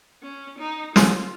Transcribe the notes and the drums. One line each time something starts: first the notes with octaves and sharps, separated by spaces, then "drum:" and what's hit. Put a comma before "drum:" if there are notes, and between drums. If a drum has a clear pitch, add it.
C#4
D#4
F4, drum: snare